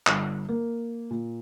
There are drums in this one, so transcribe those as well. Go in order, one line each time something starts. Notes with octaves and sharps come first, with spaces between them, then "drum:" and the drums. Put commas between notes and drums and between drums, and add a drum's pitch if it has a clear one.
G1, drum: clap
A#3
A#2